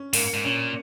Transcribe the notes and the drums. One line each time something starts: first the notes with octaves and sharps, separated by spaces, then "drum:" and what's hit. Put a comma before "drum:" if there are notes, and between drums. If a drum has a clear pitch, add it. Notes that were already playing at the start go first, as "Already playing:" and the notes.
Already playing: C#4
G#2 A#3, drum: open hi-hat
G#2
A#2 C#4